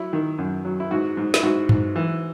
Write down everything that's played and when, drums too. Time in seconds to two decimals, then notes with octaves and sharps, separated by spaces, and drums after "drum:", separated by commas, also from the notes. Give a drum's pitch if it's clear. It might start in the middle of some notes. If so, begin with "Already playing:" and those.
Already playing: F#3 E4
0.13 D#3
0.38 F#2
0.65 F#3
0.80 E4
0.91 G#2 F#4
1.17 G#2
1.34 E4, drum: snare
1.43 G#2 F#4
1.69 G#2, drum: tom G2
1.96 E3